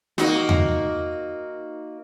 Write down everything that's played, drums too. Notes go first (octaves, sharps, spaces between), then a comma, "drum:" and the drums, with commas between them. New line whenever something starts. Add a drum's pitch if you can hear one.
A#3 D#4 F#4, drum: snare
drum: tom E2